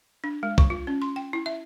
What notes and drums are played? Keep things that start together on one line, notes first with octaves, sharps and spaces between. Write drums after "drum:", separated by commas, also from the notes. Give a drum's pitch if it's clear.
D4
G#3
C#6, drum: kick
F4
C#4
C6
G5
E4
E5